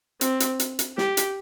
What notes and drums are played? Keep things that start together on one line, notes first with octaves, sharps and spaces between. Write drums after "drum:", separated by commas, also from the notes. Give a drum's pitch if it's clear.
C4, drum: hi-hat
drum: hi-hat
drum: hi-hat
drum: hi-hat
G4, drum: snare
drum: hi-hat